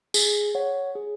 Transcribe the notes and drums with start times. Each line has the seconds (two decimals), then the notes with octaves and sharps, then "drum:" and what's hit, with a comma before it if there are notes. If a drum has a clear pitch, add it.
0.14 G#4, drum: tambourine
0.55 C#5 F#5
0.95 G#4